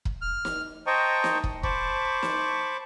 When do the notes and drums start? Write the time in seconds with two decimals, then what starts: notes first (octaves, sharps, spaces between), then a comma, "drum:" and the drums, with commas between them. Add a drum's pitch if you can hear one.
0.05 drum: kick
0.22 F6
0.45 drum: snare
0.87 C5 D#5 G5 A5 A#5 C#6
1.24 drum: snare
1.44 drum: kick
1.63 C5 A5 B5 C#6 D6, drum: kick
2.23 drum: snare